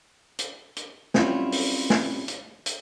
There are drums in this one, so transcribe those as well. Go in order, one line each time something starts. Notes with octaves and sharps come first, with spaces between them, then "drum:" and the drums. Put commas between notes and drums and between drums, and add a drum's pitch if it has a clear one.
drum: hi-hat
drum: hi-hat
F#3 G3 C4 C#4 E4 F4, drum: snare
drum: open hi-hat
drum: snare
drum: hi-hat
drum: hi-hat